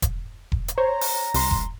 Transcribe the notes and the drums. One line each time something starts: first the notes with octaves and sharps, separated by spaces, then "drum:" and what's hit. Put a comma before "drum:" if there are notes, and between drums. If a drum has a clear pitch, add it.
drum: kick E1, hi-hat
drum: kick E1
drum: hi-hat
C5 C#5 A#5
drum: open hi-hat
C2 C6, drum: open hi-hat
drum: kick E1